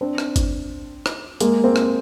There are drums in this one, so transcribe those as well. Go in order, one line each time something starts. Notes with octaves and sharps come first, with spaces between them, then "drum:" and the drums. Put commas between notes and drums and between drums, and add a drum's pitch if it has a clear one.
C4 D4
drum: rim click
drum: kick G#1, hi-hat
drum: rim click
G#3 A#3, drum: hi-hat
A#3 C4
drum: rim click